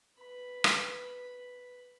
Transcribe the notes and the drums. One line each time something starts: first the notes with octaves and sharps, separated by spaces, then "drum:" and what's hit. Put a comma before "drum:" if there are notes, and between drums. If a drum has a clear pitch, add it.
B4 B5
drum: rim click